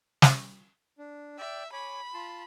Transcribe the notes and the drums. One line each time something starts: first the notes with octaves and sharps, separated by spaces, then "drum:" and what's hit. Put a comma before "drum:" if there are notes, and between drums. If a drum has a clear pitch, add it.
drum: snare
D4
D5 E5 G5
C#5 G#5 B5 D6
F4 A5 C6